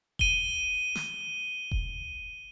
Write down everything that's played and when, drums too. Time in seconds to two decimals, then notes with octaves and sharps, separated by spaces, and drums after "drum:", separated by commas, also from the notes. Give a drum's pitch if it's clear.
0.19 D#7 G7, drum: kick E1
0.95 drum: snare
1.71 drum: kick E1